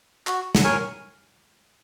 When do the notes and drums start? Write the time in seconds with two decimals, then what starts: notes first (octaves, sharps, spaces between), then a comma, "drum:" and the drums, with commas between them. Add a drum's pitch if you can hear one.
0.27 F#4, drum: clap
0.55 drum: snare
0.64 A#4 C#5 G#5